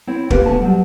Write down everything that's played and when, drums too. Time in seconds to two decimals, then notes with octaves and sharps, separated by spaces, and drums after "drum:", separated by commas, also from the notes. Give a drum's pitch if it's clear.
0.07 C4 E4 C#5
0.30 A#3 F4 G4 A#4 B4, drum: kick
0.46 B2 A3 G#5 A5
0.62 F#3 G3